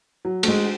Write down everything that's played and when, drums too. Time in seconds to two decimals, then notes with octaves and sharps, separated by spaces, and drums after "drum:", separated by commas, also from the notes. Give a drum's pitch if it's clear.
0.25 F#3
0.43 A3, drum: cymbal
0.48 G#3